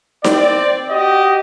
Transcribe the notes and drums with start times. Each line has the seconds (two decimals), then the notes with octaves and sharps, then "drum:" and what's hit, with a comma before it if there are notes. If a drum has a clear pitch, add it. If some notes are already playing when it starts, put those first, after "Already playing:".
0.24 C4 D5, drum: snare D#4
0.90 F#4 G4 D#5